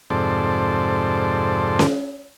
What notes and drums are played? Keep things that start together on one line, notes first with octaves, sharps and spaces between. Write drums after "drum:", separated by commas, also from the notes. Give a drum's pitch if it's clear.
F2 G#2 C3 A4 C5 D5
drum: snare C#4